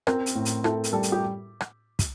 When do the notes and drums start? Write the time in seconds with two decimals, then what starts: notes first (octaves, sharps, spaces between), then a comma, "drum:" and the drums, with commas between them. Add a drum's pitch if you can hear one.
0.07 C4 A#4, drum: rim click
0.26 drum: hi-hat
0.35 A2
0.45 drum: hi-hat
0.64 E4 A4, drum: rim click
0.84 drum: hi-hat
0.93 G3 A4
1.03 drum: hi-hat
1.12 G4
1.60 drum: rim click
1.99 drum: kick, hi-hat